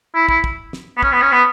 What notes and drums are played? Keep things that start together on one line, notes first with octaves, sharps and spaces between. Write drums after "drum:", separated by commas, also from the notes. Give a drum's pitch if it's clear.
E4
E4, drum: kick
drum: kick
drum: snare
B3
C#4, drum: kick
B3
C#4
B3